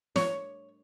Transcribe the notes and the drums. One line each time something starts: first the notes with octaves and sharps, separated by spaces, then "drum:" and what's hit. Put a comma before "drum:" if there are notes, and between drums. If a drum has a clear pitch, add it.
C#5, drum: snare